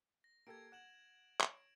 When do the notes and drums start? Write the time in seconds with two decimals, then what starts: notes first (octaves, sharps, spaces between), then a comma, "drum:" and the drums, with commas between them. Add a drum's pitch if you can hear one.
0.24 A#6
0.47 A#3 G4 A4 G#6 D7
0.72 F#5 G#6 E7 F#7
1.41 C#5 D7, drum: clap